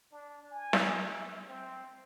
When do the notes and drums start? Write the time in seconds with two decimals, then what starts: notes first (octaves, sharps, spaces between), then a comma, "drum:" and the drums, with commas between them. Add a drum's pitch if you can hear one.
0.12 D4
0.51 G#5
0.73 drum: snare
1.09 E5
1.48 C4